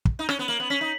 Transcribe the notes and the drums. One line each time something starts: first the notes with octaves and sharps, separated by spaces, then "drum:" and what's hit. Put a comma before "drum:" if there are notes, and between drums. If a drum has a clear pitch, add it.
drum: kick
D#4
C#4, drum: rim click
B3
A#3 F#7
B3
C#4 B6
D#4